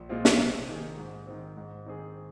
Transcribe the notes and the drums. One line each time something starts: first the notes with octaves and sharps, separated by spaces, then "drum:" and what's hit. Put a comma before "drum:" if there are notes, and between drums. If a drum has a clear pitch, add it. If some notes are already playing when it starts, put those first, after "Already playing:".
Already playing: A#1
A#2 G#3 C4 F4
drum: snare
C3
D#3 A#3 G#4
G#2
D#3 C4
G#2
D#3 C4 G#4